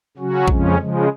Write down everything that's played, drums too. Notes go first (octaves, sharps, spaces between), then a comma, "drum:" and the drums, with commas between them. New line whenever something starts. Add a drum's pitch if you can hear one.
C#3 F#3 C#4 F#4
F2 C#3 F3 G#3 C#4, drum: kick
C#3 F3 G#3